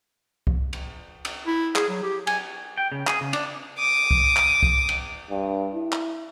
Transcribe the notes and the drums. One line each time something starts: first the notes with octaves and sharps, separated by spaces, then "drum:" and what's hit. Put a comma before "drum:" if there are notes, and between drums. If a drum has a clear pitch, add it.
drum: kick C2
drum: cymbal
drum: cymbal
E4
G#4, drum: clap
F#3
G4
G#5, drum: cymbal
G5
C#3
G#4, drum: clap
C#3
D4, drum: cymbal
D6 D#6
drum: kick C2
drum: clap
drum: kick C2
drum: cymbal
G2
E4
drum: clap